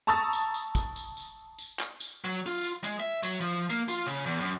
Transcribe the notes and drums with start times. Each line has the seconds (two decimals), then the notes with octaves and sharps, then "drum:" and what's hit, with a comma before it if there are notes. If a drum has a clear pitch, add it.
0.07 A5 A#5 C#6 D#6 E6 A6
0.33 drum: tambourine
0.54 drum: tambourine
0.75 drum: kick, tambourine
0.96 drum: tambourine
1.17 drum: tambourine
1.59 drum: tambourine
1.79 drum: clap
2.00 drum: tambourine
2.24 F#3
2.46 F4
2.63 drum: tambourine
2.84 G#3, drum: tambourine
3.00 E5
3.23 F#3, drum: tambourine
3.41 F3
3.70 A#3, drum: tambourine
3.88 F4, drum: tambourine
4.06 C#3
4.26 E2
4.40 F#2